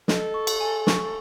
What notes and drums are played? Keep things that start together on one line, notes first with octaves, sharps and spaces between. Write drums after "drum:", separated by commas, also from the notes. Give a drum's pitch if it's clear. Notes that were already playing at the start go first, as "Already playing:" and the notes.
A4 D#5, drum: snare
C#6
drum: cymbal
G#5
C#6, drum: snare